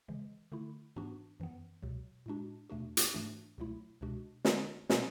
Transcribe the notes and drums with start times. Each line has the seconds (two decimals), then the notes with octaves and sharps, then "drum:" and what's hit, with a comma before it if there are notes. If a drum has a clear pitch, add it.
0.08 C#3 E3 G#3
0.52 D3 A3 E4
0.96 G#2 E3 B3 D4 F#4
1.40 F#2 E3 B3
1.82 C#2 B2 F#3
2.26 A2 G#3 D4 F#4
2.70 E2 B2 A3 D4 F#4
2.97 drum: hi-hat
3.14 G#2 E3 A3 D4 F#4
3.58 C#2 B2 F#3 A3 E4
4.01 C#2 B2 G#3 D4 F#4
4.45 D3 G#3 C#4 E4, drum: snare
4.90 B2 F#3 C#4, drum: snare